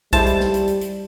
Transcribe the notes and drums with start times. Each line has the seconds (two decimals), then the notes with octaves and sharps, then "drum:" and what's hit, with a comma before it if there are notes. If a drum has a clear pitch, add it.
0.13 G3 G#3 E4 C5 A5, drum: kick, hi-hat
0.26 drum: hi-hat
0.40 drum: snare
0.54 drum: hi-hat
0.67 drum: hi-hat
0.81 drum: hi-hat